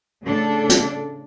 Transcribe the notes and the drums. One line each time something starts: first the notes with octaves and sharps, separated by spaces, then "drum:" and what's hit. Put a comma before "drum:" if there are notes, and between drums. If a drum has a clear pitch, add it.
A2 C#3 D4 A4
drum: hi-hat